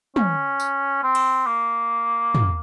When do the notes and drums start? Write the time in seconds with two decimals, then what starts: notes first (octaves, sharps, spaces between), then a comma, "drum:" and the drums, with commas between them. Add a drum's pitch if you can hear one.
0.16 C#4, drum: tom
0.60 drum: tambourine
1.03 C4
1.15 drum: cymbal
1.46 A#3
2.35 drum: tom